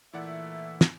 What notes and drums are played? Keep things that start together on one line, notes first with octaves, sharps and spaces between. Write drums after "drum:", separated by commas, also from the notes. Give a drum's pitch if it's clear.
A#2 E3 A3 E4 D5 E5 F#5
drum: snare